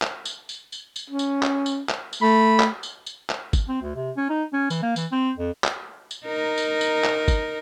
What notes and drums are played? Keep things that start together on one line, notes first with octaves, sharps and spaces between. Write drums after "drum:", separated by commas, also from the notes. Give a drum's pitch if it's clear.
drum: clap
drum: tambourine
drum: tambourine
drum: tambourine
drum: tambourine
C#4
drum: tambourine
drum: clap
drum: tambourine
drum: clap
drum: tambourine
A3 B5
drum: clap
drum: tambourine
drum: tambourine
drum: clap
drum: kick G1, tambourine
C4
D2
C3
C#4
D#4
C#4
E3, drum: tambourine
A#3
E3, drum: tambourine
C4
F2
drum: clap
drum: tambourine
D#4 A#4
drum: tambourine
drum: tambourine
drum: clap
drum: kick G1, tambourine